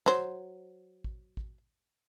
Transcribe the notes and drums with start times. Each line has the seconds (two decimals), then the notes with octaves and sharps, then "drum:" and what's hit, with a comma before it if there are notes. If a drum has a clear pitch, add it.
0.06 F#3 C5, drum: snare
1.04 drum: kick A1
1.37 drum: kick A1